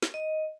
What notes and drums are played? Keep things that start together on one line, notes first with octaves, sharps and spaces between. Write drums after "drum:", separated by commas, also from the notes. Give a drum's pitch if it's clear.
drum: snare
D#5